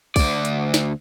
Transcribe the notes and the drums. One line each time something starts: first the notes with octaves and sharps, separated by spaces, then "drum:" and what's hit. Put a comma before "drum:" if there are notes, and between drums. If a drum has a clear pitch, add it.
D2 D5, drum: kick, open hi-hat
drum: hi-hat
drum: snare